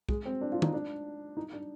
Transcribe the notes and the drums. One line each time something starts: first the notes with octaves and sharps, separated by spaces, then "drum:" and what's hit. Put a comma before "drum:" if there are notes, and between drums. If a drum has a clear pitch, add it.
G#3, drum: kick
C4
D4
F4
D#4, drum: tom
D4
D#4
D4